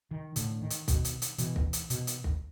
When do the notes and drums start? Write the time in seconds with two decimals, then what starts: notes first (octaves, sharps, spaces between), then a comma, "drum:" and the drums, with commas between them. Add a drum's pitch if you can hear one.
0.11 D#3
0.36 A2 D3, drum: hi-hat
0.61 D#3
0.70 drum: hi-hat
0.88 B2, drum: kick, hi-hat
1.05 drum: hi-hat
1.22 drum: hi-hat
1.38 B2 E3, drum: hi-hat
1.56 drum: kick
1.73 drum: hi-hat
1.90 B2, drum: hi-hat
2.07 drum: hi-hat
2.24 drum: kick